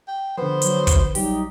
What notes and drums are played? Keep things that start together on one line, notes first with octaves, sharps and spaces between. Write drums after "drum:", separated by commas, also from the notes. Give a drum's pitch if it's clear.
G5
D3 F3 B3 C5
F#3, drum: hi-hat
drum: kick, hi-hat
A#1 F#3 G3 D#4 G4, drum: open hi-hat